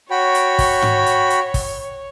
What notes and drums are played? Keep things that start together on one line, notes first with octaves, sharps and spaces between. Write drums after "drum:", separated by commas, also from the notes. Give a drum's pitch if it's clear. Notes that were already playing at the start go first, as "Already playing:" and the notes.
F#4 C#5 G5 B5
drum: hi-hat
drum: kick, open hi-hat
drum: tom G#2
drum: hi-hat
drum: hi-hat
drum: kick, open hi-hat